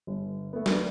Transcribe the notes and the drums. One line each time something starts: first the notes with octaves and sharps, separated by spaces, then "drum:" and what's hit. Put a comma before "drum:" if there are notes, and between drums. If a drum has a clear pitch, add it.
G1
A3 B3
F#3 A#3 D4, drum: snare